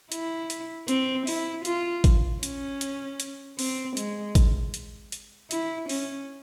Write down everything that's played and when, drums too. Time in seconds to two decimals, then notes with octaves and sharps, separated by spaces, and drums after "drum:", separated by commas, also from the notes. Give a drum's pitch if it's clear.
0.12 E4, drum: hi-hat
0.50 drum: hi-hat
0.88 C4, drum: hi-hat
1.27 E4, drum: open hi-hat
1.65 F4, drum: hi-hat
2.04 drum: kick G#1, hi-hat
2.43 C#4, drum: hi-hat
2.81 drum: hi-hat
3.20 drum: hi-hat
3.59 C4, drum: open hi-hat
3.97 G#3, drum: hi-hat
4.35 drum: kick G#1, hi-hat
4.74 drum: hi-hat
5.12 drum: hi-hat
5.51 E4, drum: hi-hat
5.89 C#4, drum: open hi-hat